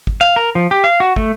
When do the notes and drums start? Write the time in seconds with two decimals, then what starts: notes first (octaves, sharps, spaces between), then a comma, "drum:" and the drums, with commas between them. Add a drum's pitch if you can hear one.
0.07 drum: kick
0.21 F5
0.36 A#4
0.55 F3
0.71 G4
0.84 F5
1.00 F#4
1.16 A3, drum: kick